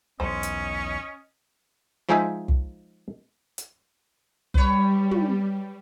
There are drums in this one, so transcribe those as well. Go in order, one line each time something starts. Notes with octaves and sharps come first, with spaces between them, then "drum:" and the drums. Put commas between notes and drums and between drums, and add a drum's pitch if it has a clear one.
B1 E2 C#4 C5 D#5
drum: hi-hat
F3 G#3 D#4 G#4 C5 E5
drum: kick
drum: hi-hat
G3 B4 C#5, drum: kick
drum: tom